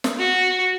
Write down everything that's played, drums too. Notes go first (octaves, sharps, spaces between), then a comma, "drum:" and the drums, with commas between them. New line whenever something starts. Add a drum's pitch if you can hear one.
drum: snare
F#4